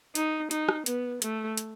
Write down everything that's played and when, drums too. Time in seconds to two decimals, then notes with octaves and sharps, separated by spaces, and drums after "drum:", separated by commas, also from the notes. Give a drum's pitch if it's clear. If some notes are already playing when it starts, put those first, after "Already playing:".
0.15 D#4, drum: hi-hat
0.51 D#4, drum: hi-hat
0.69 drum: rim click
0.86 B3, drum: hi-hat
1.22 A3, drum: hi-hat
1.57 drum: hi-hat